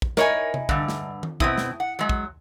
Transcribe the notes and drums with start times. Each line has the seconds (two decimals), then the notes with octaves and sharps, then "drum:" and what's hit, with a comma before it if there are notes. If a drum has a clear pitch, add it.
0.02 drum: kick
0.17 D#4 E4 A#4 C#5 G#5, drum: snare
0.54 drum: tom C3
0.69 G2 D3, drum: kick
0.88 drum: snare
1.23 drum: tom D#3
1.40 B2 C4 E4 D#6, drum: kick
1.58 drum: snare
1.80 F#5
1.99 F#3 G#3
2.09 drum: kick